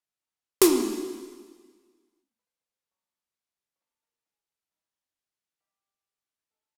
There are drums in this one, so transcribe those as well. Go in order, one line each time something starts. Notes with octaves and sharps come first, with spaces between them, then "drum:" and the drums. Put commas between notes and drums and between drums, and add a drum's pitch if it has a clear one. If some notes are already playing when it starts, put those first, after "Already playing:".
F#3 A3
drum: snare
E3 G#3
D5
C#5
E3 G#3 D4
C5
B4
C5
C5
F#3 B3 D4 C#5
C#5
F#3 B3 D4 C5
A#4
G#4
G3 C4 D#4
G3 C4 D#4 G4
E3 G#3 C4 D#4 A4